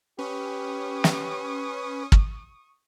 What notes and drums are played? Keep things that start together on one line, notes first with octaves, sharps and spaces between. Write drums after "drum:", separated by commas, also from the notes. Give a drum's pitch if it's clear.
C#4 G4 B4 C#6 D#6
drum: snare
drum: kick